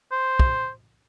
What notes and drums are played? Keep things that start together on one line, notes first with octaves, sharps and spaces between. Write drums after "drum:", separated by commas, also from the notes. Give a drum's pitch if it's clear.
C5
drum: kick